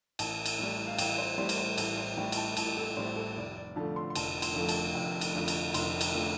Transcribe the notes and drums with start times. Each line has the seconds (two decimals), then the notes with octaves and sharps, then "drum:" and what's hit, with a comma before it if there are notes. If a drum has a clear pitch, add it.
0.19 A1 A5, drum: cymbal
0.46 drum: cymbal
0.59 A2 G3
0.87 F5
0.98 A1 G5, drum: cymbal
1.18 C5
1.38 A2 G3 C5
1.49 D5, drum: cymbal
1.58 C5
1.78 A1 A4, drum: cymbal
1.98 C5
2.17 A2 G3 G5
2.32 G5, drum: cymbal
2.37 A5
2.57 A1 A5, drum: cymbal
2.77 A4
2.97 A2 G3 C5
3.16 A4
3.36 F1 D5
3.56 D5
3.76 F2 D3 F3 A3 A5
3.96 C6
4.10 C6
4.15 F1 A5, drum: cymbal
4.42 C6, drum: cymbal
4.55 F2 D3 F3 A3
4.69 A5, drum: cymbal
4.95 F1 G5
5.21 drum: cymbal
5.35 F2 D3 F3 A3
5.48 drum: cymbal
5.74 F1 C6, drum: cymbal
6.01 drum: cymbal
6.14 D3 F3 A3